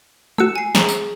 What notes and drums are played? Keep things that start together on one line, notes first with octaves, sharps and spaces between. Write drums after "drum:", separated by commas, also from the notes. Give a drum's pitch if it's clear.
A3 F#4 E6 C#7 E7
G#5 C7
G#4 A#5 C#6, drum: snare
drum: tambourine